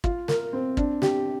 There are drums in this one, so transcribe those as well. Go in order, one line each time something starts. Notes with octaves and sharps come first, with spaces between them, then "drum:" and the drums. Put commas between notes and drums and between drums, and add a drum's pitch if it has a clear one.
F4, drum: kick
A#4, drum: snare
C4
D4, drum: kick
G4, drum: snare